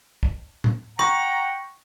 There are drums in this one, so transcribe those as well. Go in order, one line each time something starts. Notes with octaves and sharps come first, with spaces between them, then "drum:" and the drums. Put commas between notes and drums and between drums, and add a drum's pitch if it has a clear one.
drum: kick
drum: tom A2
F#5 G5 A#5 C#6, drum: rim click